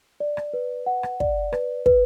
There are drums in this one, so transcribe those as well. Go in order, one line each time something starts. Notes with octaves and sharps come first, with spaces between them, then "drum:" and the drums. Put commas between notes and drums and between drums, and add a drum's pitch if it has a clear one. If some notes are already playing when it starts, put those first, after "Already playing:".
D5
drum: rim click
B4
F#5
drum: rim click
D5, drum: kick
B4, drum: rim click
B4, drum: kick